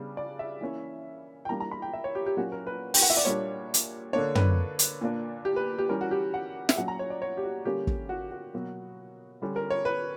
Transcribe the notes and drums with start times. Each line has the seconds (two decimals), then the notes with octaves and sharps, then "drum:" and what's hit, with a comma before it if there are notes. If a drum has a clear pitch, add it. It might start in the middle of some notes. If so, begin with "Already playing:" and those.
Already playing: C#3 G3 B3 D4
0.17 D5
0.39 E5
0.61 E3 A#3 C#4
1.45 G5
1.49 E3 G3 A#3 D4 A#5
1.60 A#5
1.71 B5
1.82 G5
1.93 E5
2.04 C#5
2.15 G4
2.26 G4
2.37 A#2 F#3 A#3 C#4 F#4
2.52 A#4
2.67 B4
2.94 G5, drum: open hi-hat
3.02 F#5
3.10 E5
3.17 D5
3.25 A#2 G3 A#3 D4 C#5
3.74 drum: hi-hat
4.13 D3 A#3 D4 C#5
4.35 B4, drum: tom
4.79 drum: hi-hat
5.01 A#2 A#3 D4
5.45 G4
5.56 B4
5.78 G4
5.89 E3 G3 C#4 A#4
6.01 F#4
6.11 G4
6.34 F#5
6.69 E5, drum: snare
6.77 A#2 F#3 C#4 F#5
6.88 A#5
6.99 C#5
7.10 D5
7.22 C#5
7.37 G4
7.44 F#4
7.65 D3 G3 A#3 C#4 G4
7.87 drum: kick
8.09 F#4
8.31 F#4
8.54 B2 F#3 A#3
9.42 D3 G3 C#4
9.56 A#4
9.70 C#5
9.85 B4